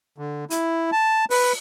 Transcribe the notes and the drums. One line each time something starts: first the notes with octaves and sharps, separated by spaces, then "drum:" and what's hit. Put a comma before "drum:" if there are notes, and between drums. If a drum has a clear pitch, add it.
D3
E4, drum: hi-hat
A5
B4, drum: open hi-hat